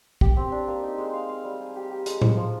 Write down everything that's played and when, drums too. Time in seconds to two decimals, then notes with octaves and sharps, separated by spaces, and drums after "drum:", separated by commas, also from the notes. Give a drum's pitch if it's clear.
0.21 G4, drum: kick
0.37 C4
0.52 D4
0.68 A#3
0.83 D#4
0.98 G#3
1.14 F5
1.29 F5
1.44 G3
1.60 G#4
1.76 G4
1.90 G4
2.06 G#3, drum: hi-hat
2.22 G#3, drum: tom A2
2.37 F3